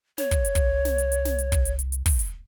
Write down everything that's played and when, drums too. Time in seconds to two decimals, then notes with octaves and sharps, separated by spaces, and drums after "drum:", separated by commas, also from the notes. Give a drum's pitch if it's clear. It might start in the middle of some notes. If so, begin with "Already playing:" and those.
0.18 C#5, drum: snare
0.31 drum: kick, hi-hat
0.45 drum: hi-hat
0.55 C2, drum: kick, hi-hat
0.85 drum: snare
0.98 drum: hi-hat
1.12 drum: hi-hat
1.25 drum: snare
1.39 drum: hi-hat
1.52 drum: kick, hi-hat
1.65 drum: hi-hat
1.79 drum: hi-hat
1.92 drum: hi-hat
2.06 drum: kick, open hi-hat
2.19 drum: hi-hat